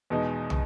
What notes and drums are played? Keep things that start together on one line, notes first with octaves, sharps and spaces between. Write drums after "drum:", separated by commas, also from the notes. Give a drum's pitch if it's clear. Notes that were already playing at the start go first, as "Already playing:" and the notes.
E2 B2 G#3 D#4
drum: tom